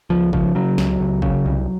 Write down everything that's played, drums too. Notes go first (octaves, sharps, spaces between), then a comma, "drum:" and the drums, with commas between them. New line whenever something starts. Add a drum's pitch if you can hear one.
C#2 F3
C#3 F3, drum: kick
C#3 F#3
C#2, drum: snare
C#2
C#3, drum: kick
C2